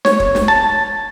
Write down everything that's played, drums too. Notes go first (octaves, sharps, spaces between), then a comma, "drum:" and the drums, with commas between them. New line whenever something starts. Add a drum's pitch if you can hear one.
C#5, drum: snare
drum: kick
drum: snare
A5